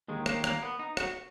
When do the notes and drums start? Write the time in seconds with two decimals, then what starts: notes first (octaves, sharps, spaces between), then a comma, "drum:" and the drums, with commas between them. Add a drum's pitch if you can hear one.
0.08 D#2 D#3 G#3
0.26 A#3, drum: rim click
0.44 A#3, drum: rim click
0.62 B3
0.79 D#4
0.97 F#4, drum: rim click